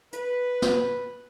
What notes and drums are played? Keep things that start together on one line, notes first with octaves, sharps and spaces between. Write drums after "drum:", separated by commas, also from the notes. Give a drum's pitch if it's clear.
B4, drum: hi-hat
drum: snare